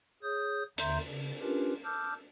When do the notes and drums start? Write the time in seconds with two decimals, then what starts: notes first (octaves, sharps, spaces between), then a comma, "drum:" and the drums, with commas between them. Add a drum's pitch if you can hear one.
0.23 G#4 C#5 D#6 G6
0.78 D#2 D3 E5 A#5 C6 G6, drum: hi-hat
1.07 C#3
1.41 C#4 D4 F4 G4 A#4 B4
1.84 A5 D6 E6 F6 G6